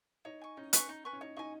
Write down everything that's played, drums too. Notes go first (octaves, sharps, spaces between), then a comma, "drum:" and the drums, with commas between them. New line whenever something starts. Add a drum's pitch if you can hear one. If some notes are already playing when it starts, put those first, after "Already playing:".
D#4 C#5
G#5 C#6
C#4 D#4
B4 G#5 C#6, drum: hi-hat
D#4
B4 G#5 C#6
C#4
D#4 C#5
D#4 G#5 C#6